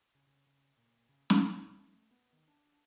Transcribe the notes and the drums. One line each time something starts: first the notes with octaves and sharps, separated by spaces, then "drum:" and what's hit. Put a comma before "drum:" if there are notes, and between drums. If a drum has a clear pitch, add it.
C#3
C#3
C#3
A#2
C#3
B2, drum: snare
D#1
A3
B3
D#3
D4